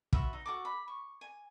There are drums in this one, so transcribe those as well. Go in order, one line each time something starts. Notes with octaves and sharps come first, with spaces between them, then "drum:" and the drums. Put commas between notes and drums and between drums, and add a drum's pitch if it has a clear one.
F4 F#4 B4 E5, drum: kick
D#4
F#4 A4 D6
B5
C#6
G#5